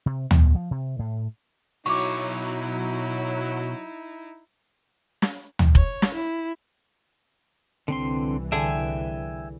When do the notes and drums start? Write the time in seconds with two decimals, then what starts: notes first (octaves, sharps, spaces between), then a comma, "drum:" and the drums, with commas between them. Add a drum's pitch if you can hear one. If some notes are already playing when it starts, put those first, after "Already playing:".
0.06 C3
0.31 B3, drum: tom
0.55 F3
0.71 C3
0.99 A2
1.86 B2 F#3 D#4 E4 C#5 C#6 D6
5.22 drum: snare
5.59 drum: tom
5.75 C#5, drum: kick F1
6.02 drum: snare
6.14 E4
7.88 C2 D3 E3 C4 C6
8.52 D3 G#4 E5 G5 G#5